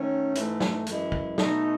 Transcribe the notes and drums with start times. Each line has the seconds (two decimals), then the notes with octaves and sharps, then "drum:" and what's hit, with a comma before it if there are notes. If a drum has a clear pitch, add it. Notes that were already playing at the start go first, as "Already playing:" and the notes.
Already playing: D#3 A3 C#4
0.35 G#2 E3 A3, drum: hi-hat
0.60 drum: snare
0.86 F#2 E3 G#3, drum: hi-hat
1.12 drum: kick
1.38 B2 A3 D#4, drum: snare